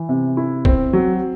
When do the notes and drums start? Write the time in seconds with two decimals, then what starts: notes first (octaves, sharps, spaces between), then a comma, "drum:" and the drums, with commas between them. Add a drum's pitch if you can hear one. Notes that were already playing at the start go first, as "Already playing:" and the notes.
Already playing: E3
0.09 C3
0.37 E4
0.65 C4, drum: kick
0.93 F#3